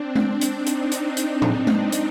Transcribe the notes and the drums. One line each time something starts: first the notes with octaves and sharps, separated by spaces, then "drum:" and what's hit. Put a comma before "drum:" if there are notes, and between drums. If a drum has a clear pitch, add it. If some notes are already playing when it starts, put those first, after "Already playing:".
Already playing: C4 D4
D4, drum: tom G#3
drum: hi-hat
D#4
drum: hi-hat
drum: hi-hat
drum: hi-hat
drum: tom A2
drum: tom G#3
drum: hi-hat